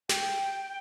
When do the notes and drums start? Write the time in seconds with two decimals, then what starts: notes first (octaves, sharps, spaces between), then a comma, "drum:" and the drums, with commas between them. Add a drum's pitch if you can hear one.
0.09 G5, drum: snare